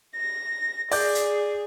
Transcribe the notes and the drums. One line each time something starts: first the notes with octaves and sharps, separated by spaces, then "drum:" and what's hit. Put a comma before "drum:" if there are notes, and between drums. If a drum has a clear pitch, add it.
A#6
G#4 D5 G6, drum: open hi-hat
drum: hi-hat